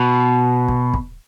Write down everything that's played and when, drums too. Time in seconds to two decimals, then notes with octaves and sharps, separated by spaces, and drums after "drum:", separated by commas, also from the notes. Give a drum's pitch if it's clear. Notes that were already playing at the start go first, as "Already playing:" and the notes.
Already playing: B2
0.69 drum: kick
0.94 drum: kick